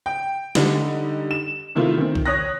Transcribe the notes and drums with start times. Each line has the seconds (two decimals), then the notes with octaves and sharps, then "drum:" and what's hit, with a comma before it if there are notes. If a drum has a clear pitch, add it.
0.06 G5
0.55 D3 G3 D#4, drum: snare
1.31 E7
1.75 C3 D#3 A3 E4 F4
1.98 D#3 C4
2.15 drum: kick C2
2.26 C#5 D#6 F#6 A#6